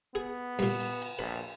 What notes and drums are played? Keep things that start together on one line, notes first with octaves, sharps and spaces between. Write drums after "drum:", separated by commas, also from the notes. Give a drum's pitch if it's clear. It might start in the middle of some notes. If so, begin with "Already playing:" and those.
B3 G#4
G2 A#2, drum: cymbal
drum: cymbal
drum: cymbal
A#1 B4